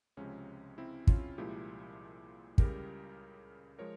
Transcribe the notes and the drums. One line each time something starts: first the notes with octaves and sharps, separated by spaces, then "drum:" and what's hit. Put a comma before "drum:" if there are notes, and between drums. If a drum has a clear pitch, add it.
C#2 C3 F3 G#3 C#4
C4 E4
C#4 F4, drum: kick
C2 A#2 F3 G#3 E4 G4
C#2 C#3 G3 G4 A#4, drum: kick
F3 G#3 A#4 C#5